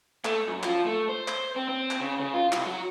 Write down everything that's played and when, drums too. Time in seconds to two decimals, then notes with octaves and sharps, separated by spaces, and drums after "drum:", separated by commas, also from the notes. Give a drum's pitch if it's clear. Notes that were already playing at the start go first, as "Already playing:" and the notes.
0.25 A3, drum: clap
0.48 F#2
0.63 F3, drum: clap
0.86 A3
1.09 C5
1.28 drum: clap
1.56 C4
1.69 C4
1.91 drum: clap
2.00 C#3
2.20 C#3
2.34 F4
2.52 C2, drum: clap
2.66 F#3